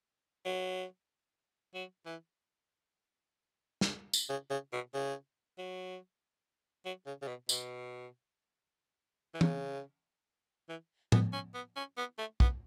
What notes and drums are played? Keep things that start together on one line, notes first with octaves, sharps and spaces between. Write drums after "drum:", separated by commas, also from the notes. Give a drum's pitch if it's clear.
F#3
F#3
E3
drum: snare
drum: tambourine
C#3
C#3
B2
C#3
F#3
F#3
C#3
C#3
B2
B2, drum: tambourine
E3
C#3, drum: tom E3
E3
B3, drum: tom A2
C#4
B3
C#4
B3
A3
B3, drum: kick